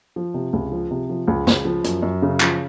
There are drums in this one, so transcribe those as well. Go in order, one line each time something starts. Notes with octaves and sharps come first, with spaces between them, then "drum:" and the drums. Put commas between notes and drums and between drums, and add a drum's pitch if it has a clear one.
F3
C3
C#2
F3
C3
F3
C#2
C#2, drum: snare
F3
F#2, drum: hi-hat
F#2
C#3
F3, drum: clap